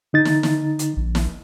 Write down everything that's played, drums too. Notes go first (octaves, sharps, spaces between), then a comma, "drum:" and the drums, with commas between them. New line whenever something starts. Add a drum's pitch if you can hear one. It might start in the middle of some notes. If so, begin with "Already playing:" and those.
D3 D#4 A6
drum: snare
drum: snare
drum: hi-hat
A#1
drum: snare